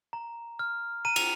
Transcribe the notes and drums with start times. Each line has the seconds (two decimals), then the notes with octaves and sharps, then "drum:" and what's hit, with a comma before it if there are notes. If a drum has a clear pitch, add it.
0.13 A#5
0.59 F6
1.05 A#5 D#7
1.16 F7, drum: cymbal